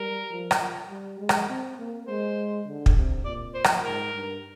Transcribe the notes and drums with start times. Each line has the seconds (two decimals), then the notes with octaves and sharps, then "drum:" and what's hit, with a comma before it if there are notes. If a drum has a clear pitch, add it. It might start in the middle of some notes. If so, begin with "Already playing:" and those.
Already playing: G3 A#4
0.31 F3
0.51 drum: rim click
0.90 G3
1.19 G#3
1.29 drum: rim click
1.49 C4
1.78 A#3
2.08 G#3 C5
2.66 D3
2.86 drum: kick
2.96 C3
3.25 A#2 D5
3.55 C5
3.64 drum: rim click
3.84 G#2 A#4
4.13 G2